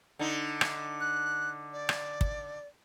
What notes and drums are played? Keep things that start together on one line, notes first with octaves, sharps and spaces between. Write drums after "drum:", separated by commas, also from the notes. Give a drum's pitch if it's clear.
D3 D#4
drum: rim click
F#6
D5
drum: rim click
drum: kick